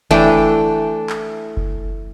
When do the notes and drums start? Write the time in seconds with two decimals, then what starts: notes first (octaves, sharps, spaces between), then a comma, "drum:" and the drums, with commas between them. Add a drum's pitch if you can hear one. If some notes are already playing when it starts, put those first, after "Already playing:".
0.11 E3 A3 D4 G5, drum: kick F#1
1.10 drum: clap
1.57 drum: kick F#1